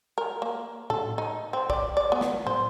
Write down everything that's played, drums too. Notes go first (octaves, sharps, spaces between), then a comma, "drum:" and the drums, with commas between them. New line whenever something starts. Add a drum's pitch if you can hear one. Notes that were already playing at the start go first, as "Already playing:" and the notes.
A#4
A#3
A4, drum: tom A2
D#4
C4
D5, drum: kick
D5
B3
drum: snare
C5, drum: tom A2